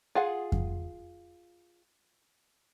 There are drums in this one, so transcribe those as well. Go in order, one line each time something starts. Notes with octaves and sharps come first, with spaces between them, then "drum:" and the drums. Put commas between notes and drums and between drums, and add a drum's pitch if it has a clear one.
F4 G#4 F#5
drum: kick F2